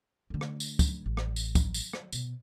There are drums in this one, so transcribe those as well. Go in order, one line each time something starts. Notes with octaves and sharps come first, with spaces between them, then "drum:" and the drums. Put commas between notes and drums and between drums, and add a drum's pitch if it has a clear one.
D3 A3
drum: rim click
drum: tambourine
drum: kick, tambourine
A1
drum: rim click
drum: tambourine
drum: kick, tambourine
drum: tambourine
drum: rim click
B2, drum: tambourine